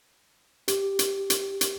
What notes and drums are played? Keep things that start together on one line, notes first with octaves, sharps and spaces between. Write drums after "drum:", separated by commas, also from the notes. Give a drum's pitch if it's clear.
G4, drum: hi-hat
drum: hi-hat
drum: hi-hat
drum: hi-hat